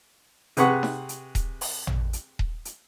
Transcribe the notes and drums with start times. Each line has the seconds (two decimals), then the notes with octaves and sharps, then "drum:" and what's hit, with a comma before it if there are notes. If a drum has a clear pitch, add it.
0.57 C3 G#4 B4 F#5 C#6, drum: hi-hat
0.83 drum: snare D#4
1.09 drum: hi-hat
1.35 drum: kick D#1, hi-hat
1.61 drum: open hi-hat
1.87 drum: tom
2.13 drum: hi-hat
2.39 drum: kick D#1
2.65 drum: hi-hat